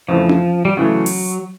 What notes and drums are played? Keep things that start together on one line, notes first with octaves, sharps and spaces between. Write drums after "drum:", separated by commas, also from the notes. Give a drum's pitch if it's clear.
F2 C#3 E3 F3 A3 C4
drum: tom C#4
G3
C#3 E3 F#3 A3
drum: open hi-hat